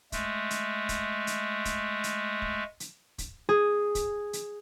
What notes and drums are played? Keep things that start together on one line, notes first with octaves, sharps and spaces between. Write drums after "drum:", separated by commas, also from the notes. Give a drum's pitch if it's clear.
G#3 A3, drum: kick, hi-hat
drum: hi-hat
drum: kick, hi-hat
drum: hi-hat
drum: kick, hi-hat
drum: hi-hat
drum: kick
drum: hi-hat
drum: kick, hi-hat
G#4
drum: kick, hi-hat
drum: hi-hat